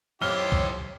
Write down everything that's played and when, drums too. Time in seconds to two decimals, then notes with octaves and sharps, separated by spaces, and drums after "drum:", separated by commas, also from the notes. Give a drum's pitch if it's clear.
0.22 F#2 E4 F4 G4 C5 C#5 F6 G7
0.52 drum: kick C2